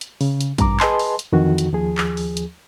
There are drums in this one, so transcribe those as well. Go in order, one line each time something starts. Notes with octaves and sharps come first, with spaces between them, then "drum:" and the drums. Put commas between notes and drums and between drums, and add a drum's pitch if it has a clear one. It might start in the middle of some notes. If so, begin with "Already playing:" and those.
drum: hi-hat
C#3, drum: open hi-hat
drum: hi-hat
C2 G2 A#5 D6, drum: kick A1, hi-hat
G#4 B4 D#5 G#5 A5 C6, drum: clap
drum: open hi-hat
drum: hi-hat
F2 D#3 E3 F#4
drum: hi-hat
D#2 F3 G#4
drum: clap
drum: open hi-hat
drum: hi-hat